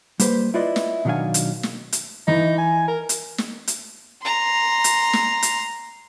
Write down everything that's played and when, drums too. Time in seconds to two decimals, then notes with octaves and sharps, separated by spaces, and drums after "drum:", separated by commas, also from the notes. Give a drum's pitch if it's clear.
0.20 G3 A#3 B4 C5 C6, drum: hi-hat
0.54 E4 F4 B4 D5 D#5
0.76 drum: snare
1.05 B2 D#3 F#3 D4 F5 G#5
1.34 drum: hi-hat
1.63 drum: snare
1.92 drum: hi-hat
2.28 E3 D#4
2.58 G#5
2.88 A#4
3.09 drum: hi-hat
3.38 drum: snare
3.67 drum: hi-hat
4.22 A#5 C6
4.84 drum: hi-hat
5.13 drum: snare
5.43 drum: hi-hat